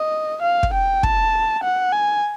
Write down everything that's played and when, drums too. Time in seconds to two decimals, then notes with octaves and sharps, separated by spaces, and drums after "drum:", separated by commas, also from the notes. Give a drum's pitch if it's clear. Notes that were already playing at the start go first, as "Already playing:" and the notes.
Already playing: D#5
0.42 F5
0.63 drum: kick
0.74 G5
1.03 A5, drum: kick
1.63 F#5
1.92 G#5